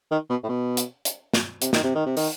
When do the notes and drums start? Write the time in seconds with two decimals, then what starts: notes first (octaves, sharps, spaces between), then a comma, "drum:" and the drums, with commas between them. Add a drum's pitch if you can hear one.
0.11 D#3
0.30 B2
0.43 A2
0.49 B2
0.77 drum: hi-hat
1.05 drum: hi-hat
1.34 drum: snare
1.62 C3, drum: hi-hat
1.73 D#3, drum: snare
1.83 C3
1.95 D#3
2.06 C3
2.17 D#3, drum: open hi-hat